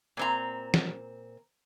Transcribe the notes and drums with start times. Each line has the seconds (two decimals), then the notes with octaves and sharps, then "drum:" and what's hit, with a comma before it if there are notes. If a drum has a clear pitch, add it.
0.17 A#2 C4 A#5
0.74 drum: snare